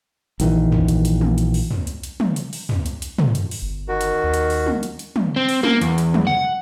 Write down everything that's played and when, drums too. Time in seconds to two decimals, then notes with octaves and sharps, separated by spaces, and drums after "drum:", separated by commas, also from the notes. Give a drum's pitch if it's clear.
0.40 A#1 D#3 E3, drum: hi-hat
0.72 drum: tom
0.88 drum: hi-hat
1.05 drum: hi-hat
1.21 drum: tom
1.38 drum: hi-hat
1.54 drum: open hi-hat
1.71 drum: tom
1.87 drum: hi-hat
2.03 drum: hi-hat
2.20 drum: tom
2.36 drum: hi-hat
2.53 drum: open hi-hat
2.69 drum: tom
2.86 drum: hi-hat
3.02 drum: hi-hat
3.19 drum: tom
3.35 drum: hi-hat
3.51 drum: open hi-hat
3.62 G1
3.88 D#3 F#4
4.01 drum: hi-hat
4.23 D#2
4.34 drum: hi-hat
4.50 drum: open hi-hat
4.66 drum: tom
4.83 drum: hi-hat
4.99 drum: hi-hat
5.16 drum: tom
5.36 C4
5.49 drum: open hi-hat
5.63 A#3, drum: tom
5.81 E2, drum: hi-hat
5.98 drum: hi-hat
6.14 drum: tom
6.27 F#5